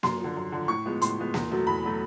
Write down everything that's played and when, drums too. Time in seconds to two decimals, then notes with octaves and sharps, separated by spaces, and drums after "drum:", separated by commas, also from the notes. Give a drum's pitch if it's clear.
0.03 F#2 C6, drum: snare A#3
0.20 D3 F3
0.37 F#2
0.52 D3 F3
0.68 A2 C#6
0.86 F3 G#3 B3
1.02 A2 C6, drum: hi-hat
1.17 F3 G#3 B3
1.34 E2, drum: snare A#3
1.51 B2 F#3 A3
1.67 E2 B5
1.83 B2 F#3 A3